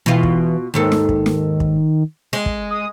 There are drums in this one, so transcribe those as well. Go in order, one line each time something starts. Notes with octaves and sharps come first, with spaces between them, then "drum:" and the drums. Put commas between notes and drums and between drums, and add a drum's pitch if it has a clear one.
B2 E3 F4
drum: kick
D#2 G#2 D#3 A4
drum: snare
drum: kick
drum: snare
drum: kick
G#3
drum: kick
D#6